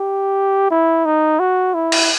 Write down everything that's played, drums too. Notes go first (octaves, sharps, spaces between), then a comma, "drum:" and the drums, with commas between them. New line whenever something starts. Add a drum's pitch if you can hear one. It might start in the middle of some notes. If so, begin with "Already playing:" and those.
Already playing: G4
E4
D#4
F#4
E4
drum: cymbal